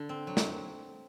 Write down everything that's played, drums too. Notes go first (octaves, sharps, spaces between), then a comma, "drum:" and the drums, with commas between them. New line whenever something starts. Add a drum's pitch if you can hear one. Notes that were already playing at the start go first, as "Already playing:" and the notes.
Already playing: D3
C4
F#3
drum: snare